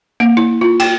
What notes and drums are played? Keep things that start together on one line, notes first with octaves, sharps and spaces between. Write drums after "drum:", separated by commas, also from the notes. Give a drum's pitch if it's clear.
A#3
E4
F4
G5, drum: cymbal